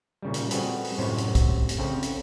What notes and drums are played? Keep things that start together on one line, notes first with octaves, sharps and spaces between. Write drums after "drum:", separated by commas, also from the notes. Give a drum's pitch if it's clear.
A#2 C#3 G3
drum: hi-hat
G3 C4 F#4 G#4 A4 B4, drum: hi-hat
drum: open hi-hat
F#2 A2 C3 C5 C#5
drum: hi-hat
drum: kick, hi-hat
drum: hi-hat
C#3 C4 A4 C5
drum: hi-hat